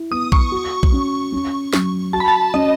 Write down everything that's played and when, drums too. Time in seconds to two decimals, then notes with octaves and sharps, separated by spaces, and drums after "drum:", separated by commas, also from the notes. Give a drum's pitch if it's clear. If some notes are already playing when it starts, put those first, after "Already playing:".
Already playing: E4
0.11 B3 D#6
0.32 C#6, drum: kick A#1
0.52 F#4
0.83 drum: kick A#1
0.92 C#4
1.32 C#4
1.73 F#3, drum: snare
2.13 F#4 A5
2.20 B5
2.28 A5
2.54 C#4 D#5